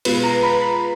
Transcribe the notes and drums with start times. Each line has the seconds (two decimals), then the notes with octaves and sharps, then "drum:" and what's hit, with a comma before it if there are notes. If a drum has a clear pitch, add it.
0.05 B2 G#3 B3 F4 B4, drum: cymbal
0.24 A#5
0.43 B5
0.61 B5